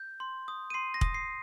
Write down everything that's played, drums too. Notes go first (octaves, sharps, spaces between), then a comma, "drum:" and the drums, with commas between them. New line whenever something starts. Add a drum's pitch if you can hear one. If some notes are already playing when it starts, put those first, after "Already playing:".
Already playing: G6
C6
D#6
D#7
C6 C7
A#6
D#6, drum: kick
C7